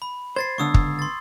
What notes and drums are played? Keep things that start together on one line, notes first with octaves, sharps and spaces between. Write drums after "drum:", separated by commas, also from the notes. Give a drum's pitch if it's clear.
B5
C5 G#6 A6 C7
C#2 D3 B3 C#6 D#6 E6
drum: kick
C6 A6